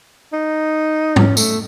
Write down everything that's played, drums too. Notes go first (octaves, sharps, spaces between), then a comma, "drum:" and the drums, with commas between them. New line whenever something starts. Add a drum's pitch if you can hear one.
D#4
C#4, drum: tom G#2
A3, drum: tambourine